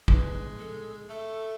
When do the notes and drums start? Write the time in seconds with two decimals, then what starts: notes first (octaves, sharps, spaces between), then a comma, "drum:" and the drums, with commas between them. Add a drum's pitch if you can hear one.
0.08 G#3 B4, drum: kick
0.59 A4
1.09 A3 A4